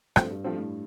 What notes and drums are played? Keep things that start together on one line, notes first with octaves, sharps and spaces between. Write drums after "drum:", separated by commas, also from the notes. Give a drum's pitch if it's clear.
G2 F3 A3 C4, drum: rim click
G2
G2 F3 A3 C4
A2